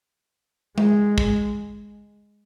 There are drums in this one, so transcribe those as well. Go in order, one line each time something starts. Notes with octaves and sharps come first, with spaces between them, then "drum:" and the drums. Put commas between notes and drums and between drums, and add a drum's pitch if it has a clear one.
G#3, drum: tom G#3
drum: kick